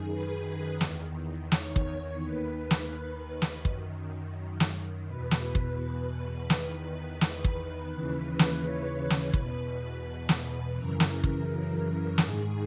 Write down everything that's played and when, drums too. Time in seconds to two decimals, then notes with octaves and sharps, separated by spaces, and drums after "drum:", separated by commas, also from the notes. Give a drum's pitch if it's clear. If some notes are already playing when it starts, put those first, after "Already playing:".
Already playing: F#2 D#3 G#4
0.09 B4
0.81 E2 D#3, drum: snare
1.52 C#5, drum: snare
1.76 drum: kick
2.23 D#2 D#3 B4
2.71 drum: snare
3.42 drum: snare
3.65 F#2 D#3, drum: kick
4.60 drum: snare
5.07 E2 B2 B4
5.31 drum: snare
5.55 drum: kick
6.50 E2 D#3 B4, drum: snare
7.21 B4, drum: snare
7.44 drum: kick
7.92 D#2 C#3 E3 B4
8.39 drum: snare
8.63 C#5
9.10 drum: snare
9.34 E2 B2 B4, drum: kick
10.29 drum: snare
10.77 F#2 C#3 E3 A#4
11.00 drum: snare
11.24 drum: kick
12.18 G#2 D#3 G#4, drum: snare